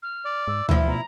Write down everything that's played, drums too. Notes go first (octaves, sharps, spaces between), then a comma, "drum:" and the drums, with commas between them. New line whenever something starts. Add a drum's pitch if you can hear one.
F6
D5
G#2 E6
D2 E3 F3 E4, drum: tom D2
B2 A#5